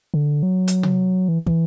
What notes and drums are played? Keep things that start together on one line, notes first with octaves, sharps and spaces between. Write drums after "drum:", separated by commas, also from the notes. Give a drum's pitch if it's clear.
D3
F#3
drum: hi-hat
drum: tom C3
E3
E3, drum: kick